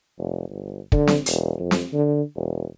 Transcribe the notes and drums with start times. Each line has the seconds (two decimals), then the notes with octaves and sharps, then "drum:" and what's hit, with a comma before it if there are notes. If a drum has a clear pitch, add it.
0.18 F1
0.49 G1
0.92 D3, drum: kick
1.07 drum: snare C4
1.26 E1, drum: hi-hat
1.59 F2
1.71 drum: snare C4
1.93 D3
2.36 E1